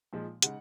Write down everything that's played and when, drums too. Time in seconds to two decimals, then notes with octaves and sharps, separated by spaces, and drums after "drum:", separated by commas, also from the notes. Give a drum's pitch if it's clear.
0.13 A#2 F3 G#3 D#4
0.42 C#3 G#3 D#4 F#5, drum: hi-hat